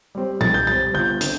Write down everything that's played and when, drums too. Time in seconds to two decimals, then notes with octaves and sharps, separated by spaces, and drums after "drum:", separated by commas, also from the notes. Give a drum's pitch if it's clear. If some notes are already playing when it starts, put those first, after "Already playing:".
0.15 G3 C4
0.41 G2 A6, drum: tom A#2
0.54 G6
0.67 G3 C4 A6
0.93 G1 G6
1.21 D3 C4 G6, drum: hi-hat